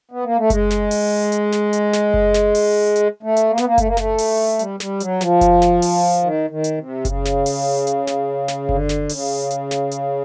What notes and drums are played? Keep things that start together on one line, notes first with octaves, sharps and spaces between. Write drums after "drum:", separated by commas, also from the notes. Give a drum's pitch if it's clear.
B3
A#3
A3
G#3, drum: kick F#1, hi-hat
drum: snare
drum: open hi-hat
drum: hi-hat
drum: snare
drum: hi-hat
drum: snare
drum: kick F#1
drum: snare
drum: open hi-hat
drum: hi-hat
A3
drum: hi-hat
A#3
B3, drum: snare
A#3
A3, drum: kick F#1, hi-hat
A#3
A3, drum: snare
drum: open hi-hat
G3, drum: hi-hat
G3, drum: snare
F#3, drum: hi-hat
F3, drum: snare
drum: kick F#1, hi-hat
drum: snare
drum: open hi-hat
D#3
D#3
drum: hi-hat
C3
C#3, drum: kick F#1, hi-hat
drum: snare
drum: open hi-hat
drum: hi-hat
drum: snare
drum: snare
D3, drum: kick F#1
drum: snare
C#3, drum: open hi-hat
drum: hi-hat
drum: snare
drum: hi-hat